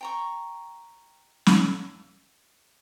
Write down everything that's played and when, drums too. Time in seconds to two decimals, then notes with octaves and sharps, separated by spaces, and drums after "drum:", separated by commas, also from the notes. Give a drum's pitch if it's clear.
0.01 G5 A#5 C#6
1.46 drum: snare